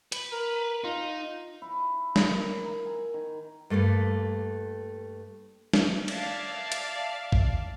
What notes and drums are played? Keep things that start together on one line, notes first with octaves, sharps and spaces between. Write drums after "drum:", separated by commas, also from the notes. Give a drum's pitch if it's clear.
B4, drum: hi-hat
A#4
D#4 F4
E4
A#4, drum: snare
A#4
G#5
D#3
G2 A3 A#3 B4
drum: snare
D5 E5 F5 A5, drum: cymbal
drum: hi-hat
drum: kick A1